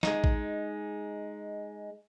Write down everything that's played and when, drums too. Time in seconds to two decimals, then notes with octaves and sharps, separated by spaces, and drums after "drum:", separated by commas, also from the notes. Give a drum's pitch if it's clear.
0.03 G#3 D#4, drum: snare
0.24 drum: kick A1